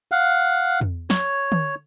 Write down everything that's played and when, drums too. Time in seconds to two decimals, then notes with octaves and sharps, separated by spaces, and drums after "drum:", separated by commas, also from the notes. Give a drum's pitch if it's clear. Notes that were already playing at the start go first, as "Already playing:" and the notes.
0.12 F5 F#5
0.81 drum: tom
1.10 C#5, drum: snare
1.52 drum: tom